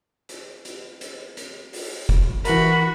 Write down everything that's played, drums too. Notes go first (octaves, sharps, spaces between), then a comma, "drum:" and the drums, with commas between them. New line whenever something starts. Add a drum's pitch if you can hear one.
drum: hi-hat
drum: hi-hat
drum: hi-hat
drum: hi-hat
drum: open hi-hat
drum: kick, hi-hat
E3 F#4 A#4 B5, drum: hi-hat